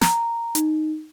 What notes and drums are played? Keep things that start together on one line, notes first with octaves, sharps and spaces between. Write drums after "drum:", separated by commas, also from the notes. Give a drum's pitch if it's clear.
A#5, drum: snare
D#4, drum: hi-hat